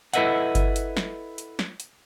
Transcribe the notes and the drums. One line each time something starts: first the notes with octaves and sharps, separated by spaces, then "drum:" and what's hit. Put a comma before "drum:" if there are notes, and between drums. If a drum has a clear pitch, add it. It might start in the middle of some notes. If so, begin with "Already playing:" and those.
E4 A4 B4 D#5 E5 F#5, drum: hi-hat
drum: kick G1, hi-hat
drum: hi-hat
drum: snare
drum: hi-hat
drum: snare
drum: hi-hat